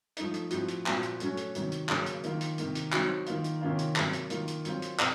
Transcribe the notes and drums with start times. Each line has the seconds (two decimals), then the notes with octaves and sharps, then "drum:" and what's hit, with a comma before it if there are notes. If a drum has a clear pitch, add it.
0.17 F3 A3 D#4, drum: hi-hat
0.34 drum: hi-hat
0.51 A2 F3 C4 F#4, drum: hi-hat
0.68 drum: hi-hat
0.86 A#2 F3 C4 F#4, drum: clap
1.03 drum: hi-hat
1.20 F#3 A3 C#4 F#4, drum: hi-hat
1.37 drum: hi-hat
1.55 C3 D#3 F#3, drum: hi-hat
1.72 drum: hi-hat
1.89 C#3 F#3 A#3, drum: clap
2.06 drum: hi-hat
2.24 D#3 A#3 F4, drum: hi-hat
2.41 drum: hi-hat
2.58 C3 D#3 A#3, drum: hi-hat
2.75 drum: hi-hat
2.92 F#3 C4 D#4 F#4, drum: clap
3.26 D#3 A#3 F4, drum: hi-hat
3.44 drum: hi-hat
3.61 C3 D#3 A#3 C#4 F4
3.79 drum: hi-hat
3.96 C3 F#3 A#3, drum: clap
4.13 drum: hi-hat
4.30 D#3 A#3 F4, drum: hi-hat
4.48 drum: hi-hat
4.65 F#3 C4 F4, drum: hi-hat
4.82 drum: hi-hat
4.99 C3, drum: clap